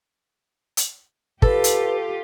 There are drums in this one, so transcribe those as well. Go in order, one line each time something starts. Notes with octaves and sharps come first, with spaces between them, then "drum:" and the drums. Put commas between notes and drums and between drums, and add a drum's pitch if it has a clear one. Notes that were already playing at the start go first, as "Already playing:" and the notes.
drum: hi-hat
F4 G4 A4 B4, drum: kick
drum: hi-hat